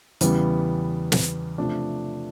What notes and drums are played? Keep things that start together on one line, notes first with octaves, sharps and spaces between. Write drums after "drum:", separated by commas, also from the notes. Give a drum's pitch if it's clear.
E2 C#3 E3 G3 B3, drum: hi-hat
drum: snare
C3 F3 A3 D4